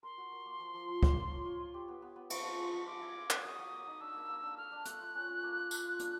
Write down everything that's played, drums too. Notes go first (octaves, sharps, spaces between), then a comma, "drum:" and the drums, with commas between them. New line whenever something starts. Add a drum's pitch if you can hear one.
A#4 C6
F#4
A#4
A#3
F3
F3
F3
A#3, drum: kick
F4
C#5
F4
F4
G4
B3
B3
B3
F3 C#6, drum: cymbal
F3
G#3
F3
F5 D6
E4
F5
F5, drum: clap
F#3 D#6
F#3
A#3
D#4
D4 E6
A#3
A#3
D4
A4 F6
D4
A3 F#6, drum: hi-hat
F4
C#4
C#4
A#3
F4
A4, drum: tambourine
F4
D4, drum: hi-hat